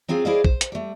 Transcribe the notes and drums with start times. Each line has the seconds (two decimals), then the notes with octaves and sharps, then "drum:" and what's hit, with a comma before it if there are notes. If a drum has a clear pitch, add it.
0.08 F#3 C4 F4 G#4 F5
0.25 E4 G#4 C5 D5 D#5 F5
0.44 C5, drum: kick B1
0.61 drum: hi-hat
0.72 G3 A3